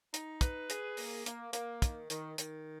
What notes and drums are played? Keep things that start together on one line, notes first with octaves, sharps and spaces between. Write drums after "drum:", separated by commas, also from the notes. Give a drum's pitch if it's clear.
D#4, drum: hi-hat
B4, drum: kick, hi-hat
G#4, drum: hi-hat
A#3, drum: open hi-hat
A#3, drum: hi-hat
A#3, drum: hi-hat
D#3, drum: kick, hi-hat
D#3, drum: hi-hat
D#3, drum: hi-hat